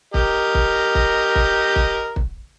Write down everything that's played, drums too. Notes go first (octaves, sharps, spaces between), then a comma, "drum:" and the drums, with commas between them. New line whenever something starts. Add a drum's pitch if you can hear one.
G4 A#4 D#5, drum: kick
drum: kick
drum: kick
drum: kick
drum: kick
drum: kick